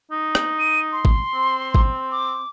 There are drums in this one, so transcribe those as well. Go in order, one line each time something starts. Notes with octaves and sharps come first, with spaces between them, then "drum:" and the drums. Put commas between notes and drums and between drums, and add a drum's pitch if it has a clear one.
D#4
drum: rim click
D#7
C6
drum: kick A1
C4
drum: kick A1
D6